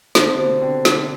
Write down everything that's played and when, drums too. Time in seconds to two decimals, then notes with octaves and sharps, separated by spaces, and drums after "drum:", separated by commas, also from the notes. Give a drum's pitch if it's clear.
0.15 D3 C5, drum: snare
0.26 C3
0.37 B2 C5
0.47 C3
0.62 D3 G5
0.85 D6, drum: snare